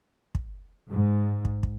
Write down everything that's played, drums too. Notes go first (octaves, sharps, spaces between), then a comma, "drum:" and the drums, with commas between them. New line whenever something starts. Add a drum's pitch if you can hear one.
drum: kick
G#2
drum: kick
drum: kick